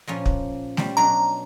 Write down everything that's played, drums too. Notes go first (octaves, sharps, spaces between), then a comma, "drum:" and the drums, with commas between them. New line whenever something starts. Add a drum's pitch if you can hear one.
A#2 F3 C#4
drum: kick
G3 C#4 C5, drum: snare A3
B2 F#3 D4 A#5